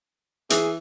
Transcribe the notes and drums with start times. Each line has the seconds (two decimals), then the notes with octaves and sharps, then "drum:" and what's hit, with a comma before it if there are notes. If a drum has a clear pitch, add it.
0.50 E3 G#4, drum: hi-hat